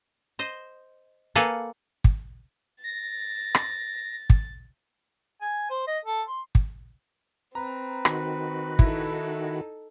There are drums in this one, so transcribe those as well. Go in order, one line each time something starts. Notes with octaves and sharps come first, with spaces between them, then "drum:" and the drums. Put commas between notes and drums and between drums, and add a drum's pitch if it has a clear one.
C5 D#5
A#3 A4 B4 F5 F#5 G#5
drum: kick
A6 A#6
drum: rim click
drum: kick
G#5
C5
D#5
A4
C6
drum: kick
C4 B4 A#5
D#3 F#4, drum: rim click
D#4 E4 A4, drum: kick